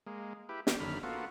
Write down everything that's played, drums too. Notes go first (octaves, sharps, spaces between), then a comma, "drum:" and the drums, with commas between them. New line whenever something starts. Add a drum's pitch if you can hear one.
G#3 A#3
E4 G4 B4
G4, drum: snare
F#2 D3 D#3 B5 F6
A#3 B3 F4 F#4 A4